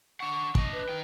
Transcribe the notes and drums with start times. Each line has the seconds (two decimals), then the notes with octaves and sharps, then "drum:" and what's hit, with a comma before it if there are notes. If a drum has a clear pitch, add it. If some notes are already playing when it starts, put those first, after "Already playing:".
0.20 D4 F#5 C#6
0.55 D4 D#5, drum: kick
0.73 B4
0.89 D#4 G5